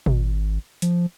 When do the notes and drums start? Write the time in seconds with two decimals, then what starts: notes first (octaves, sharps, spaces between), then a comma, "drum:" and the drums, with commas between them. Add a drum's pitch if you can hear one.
0.06 G#1, drum: tom A#2
0.82 F3, drum: hi-hat